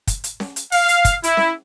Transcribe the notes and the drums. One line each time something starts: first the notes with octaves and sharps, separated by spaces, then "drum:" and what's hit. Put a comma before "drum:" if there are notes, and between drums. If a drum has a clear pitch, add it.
drum: kick, hi-hat
drum: hi-hat
drum: snare C#4
drum: hi-hat
F5, drum: open hi-hat
drum: hi-hat
drum: kick, hi-hat
E4, drum: hi-hat
drum: snare C#4